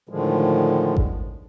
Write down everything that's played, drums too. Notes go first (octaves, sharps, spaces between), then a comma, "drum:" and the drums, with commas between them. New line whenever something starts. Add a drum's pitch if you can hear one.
A2 D3 D#3 F3 G#3
drum: kick G#1